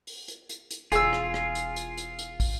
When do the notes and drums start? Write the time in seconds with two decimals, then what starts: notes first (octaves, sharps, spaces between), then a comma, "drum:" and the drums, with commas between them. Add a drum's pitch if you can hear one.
0.07 drum: open hi-hat
0.28 drum: hi-hat
0.49 drum: hi-hat
0.71 drum: hi-hat
0.92 E1 F4 G#4 E6, drum: hi-hat
1.13 drum: rim click
1.34 drum: rim click
1.55 drum: hi-hat
1.76 drum: hi-hat
1.97 drum: hi-hat
2.19 drum: hi-hat
2.40 drum: kick, open hi-hat